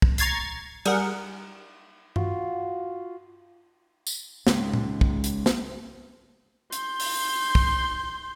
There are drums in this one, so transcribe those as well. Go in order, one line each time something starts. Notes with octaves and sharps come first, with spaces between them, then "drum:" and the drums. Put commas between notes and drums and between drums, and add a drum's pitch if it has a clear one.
drum: kick
A#5 C#6 G#6 A6 C7, drum: hi-hat
G3 G#4 A#4 F#5, drum: cymbal
F4 F#4, drum: tom G2
drum: tambourine
C#2 G#2, drum: snare
drum: tom A#2
drum: kick
drum: hi-hat
drum: snare
C6 G6, drum: hi-hat
drum: open hi-hat
drum: kick